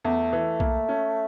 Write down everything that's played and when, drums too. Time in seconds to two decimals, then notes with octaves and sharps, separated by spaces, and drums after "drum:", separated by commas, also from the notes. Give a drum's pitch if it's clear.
0.04 E2 A3
0.33 E3
0.60 A#3, drum: kick B1
0.89 C#4